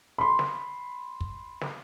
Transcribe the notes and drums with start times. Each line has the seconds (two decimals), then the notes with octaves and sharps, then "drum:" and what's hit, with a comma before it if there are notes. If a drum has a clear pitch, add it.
0.18 B5 C6
0.39 drum: snare
1.21 drum: kick
1.61 drum: snare